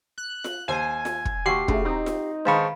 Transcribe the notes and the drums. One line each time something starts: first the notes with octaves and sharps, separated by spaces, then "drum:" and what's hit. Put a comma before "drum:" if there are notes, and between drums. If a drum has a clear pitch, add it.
F#6
drum: snare F4
D#2 C5 G#5
drum: snare F4
drum: kick
D#2 F#4 G4 F#5 C#6 C7
C#3 A3, drum: kick
C4 D#4
drum: snare F4
D#3 G#3 B4 C5 F5 A5 B5 C#6